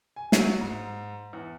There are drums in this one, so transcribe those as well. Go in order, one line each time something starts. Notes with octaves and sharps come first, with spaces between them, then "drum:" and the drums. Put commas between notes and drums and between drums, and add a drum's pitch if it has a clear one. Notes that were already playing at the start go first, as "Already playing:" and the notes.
G#5
F#3, drum: snare
G#2
E2